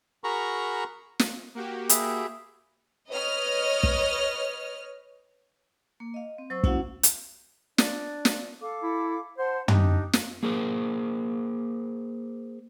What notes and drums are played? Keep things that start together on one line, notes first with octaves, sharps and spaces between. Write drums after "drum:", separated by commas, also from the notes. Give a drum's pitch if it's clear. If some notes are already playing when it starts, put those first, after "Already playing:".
F#4 G#4 A#4 A#5 B5 C#6
drum: snare
A#3 F#4 G4
G#4 E5 B5, drum: hi-hat
B4 C#5 D#5 F6
drum: kick
A#3
D#5 F5
C4
F#3 C5 C#6 E6
A#3 C#4 E4 F#4 F5 F#5, drum: kick
drum: hi-hat
D4 D5, drum: snare
drum: snare
A4 F5 D6
E4
C5 F#5 A5 C6
D4 D#4 G4, drum: tom
drum: snare
A#3 G#4 A#4 C5